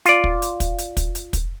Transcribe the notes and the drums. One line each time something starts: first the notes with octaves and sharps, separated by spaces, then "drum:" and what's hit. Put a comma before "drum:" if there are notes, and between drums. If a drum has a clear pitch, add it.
F4 D5, drum: hi-hat
drum: kick
drum: hi-hat
drum: kick, hi-hat
drum: hi-hat
drum: kick, hi-hat
drum: hi-hat
drum: kick, hi-hat